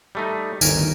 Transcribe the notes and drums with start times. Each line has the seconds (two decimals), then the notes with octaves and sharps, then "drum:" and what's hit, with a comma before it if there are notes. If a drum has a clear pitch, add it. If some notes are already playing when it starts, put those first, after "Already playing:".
0.15 G3 A3 D#4
0.61 G1 D2 D#3 A#4 G#5, drum: tambourine